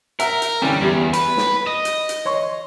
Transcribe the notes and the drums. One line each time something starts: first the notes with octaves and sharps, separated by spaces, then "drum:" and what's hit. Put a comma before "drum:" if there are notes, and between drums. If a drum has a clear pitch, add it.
A#4 E5 F#5 A#5, drum: hi-hat
drum: hi-hat
D3 E3 G3 C#4
E2 G3 G4
B4, drum: hi-hat
drum: snare
D#5
drum: hi-hat
drum: hi-hat
C#5 C6 C#6